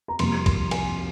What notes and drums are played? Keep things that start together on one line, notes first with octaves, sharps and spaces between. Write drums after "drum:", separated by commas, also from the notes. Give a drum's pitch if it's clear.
A#5
F2 C3 G3 A#3 C6, drum: cymbal
C6, drum: kick, cymbal
G#5, drum: cymbal